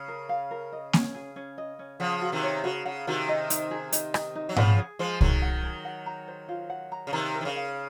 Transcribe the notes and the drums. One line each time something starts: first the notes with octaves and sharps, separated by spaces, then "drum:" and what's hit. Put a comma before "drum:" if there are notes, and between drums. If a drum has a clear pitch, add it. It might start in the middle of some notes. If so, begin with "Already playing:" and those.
Already playing: C#3
A#4
F5
A#4
D#5
C#4, drum: snare A#3
G#4
C#4
D#5
C#4
C#3 F3 F#5
F#4
C3 D#3
C#5
C#3 F#4
C#3 F#5
C3 D#3 F#4
D#5
D#4, drum: hi-hat
G#4
D#4, drum: hi-hat
D#5, drum: rim click
D#4
F#3
C#3 F3 F#5, drum: tom G#2
G#4
F3 G#3 C5
D#3 F#3 G#4, drum: kick C2
F#5
G#4
F#5
A#5
C5
F4
F#5
A#5
C#3
C3 D#3 A#5
A#4
D#3
C#3
F5